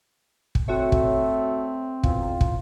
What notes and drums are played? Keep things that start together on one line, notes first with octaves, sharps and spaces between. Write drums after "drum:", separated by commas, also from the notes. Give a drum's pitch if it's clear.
drum: kick
A3 C4 F#4 C#5
drum: kick
B1 E2 C3 F4, drum: kick
drum: kick